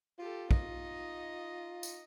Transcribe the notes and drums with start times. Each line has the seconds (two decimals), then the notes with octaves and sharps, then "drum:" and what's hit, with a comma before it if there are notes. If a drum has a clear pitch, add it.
0.19 F4 G4 A4
0.51 D#4 D#5, drum: kick
1.83 drum: tambourine